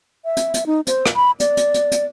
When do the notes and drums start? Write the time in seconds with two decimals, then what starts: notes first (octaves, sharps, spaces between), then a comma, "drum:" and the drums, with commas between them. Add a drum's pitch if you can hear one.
0.25 E5
0.37 drum: hi-hat
0.54 drum: hi-hat
0.66 D#4
0.87 C5, drum: hi-hat
1.06 drum: rim click
1.16 B5
1.40 D5, drum: hi-hat
1.57 drum: hi-hat
1.74 drum: hi-hat
1.92 drum: hi-hat